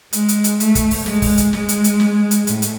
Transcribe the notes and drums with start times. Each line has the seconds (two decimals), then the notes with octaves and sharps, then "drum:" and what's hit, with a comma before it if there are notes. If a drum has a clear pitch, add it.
0.13 G#3, drum: hi-hat
0.28 drum: hi-hat
0.44 drum: hi-hat
0.60 A3, drum: hi-hat
0.75 drum: kick, hi-hat
0.91 drum: open hi-hat
1.06 G#3, drum: snare
1.22 drum: kick, open hi-hat
1.37 drum: hi-hat
1.53 G#3, drum: snare
1.69 drum: hi-hat
1.84 drum: hi-hat
2.00 drum: snare
2.31 drum: hi-hat
2.47 A2, drum: hi-hat
2.62 drum: hi-hat